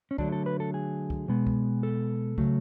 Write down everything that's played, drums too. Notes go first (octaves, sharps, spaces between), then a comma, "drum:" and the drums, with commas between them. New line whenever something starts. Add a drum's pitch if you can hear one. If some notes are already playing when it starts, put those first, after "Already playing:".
C#4
D3 F#3 A3 D4, drum: kick
A4
B4
A4
G#4
drum: kick
B2 G#3 B3
drum: kick
A4
C#3 F#3 A3, drum: kick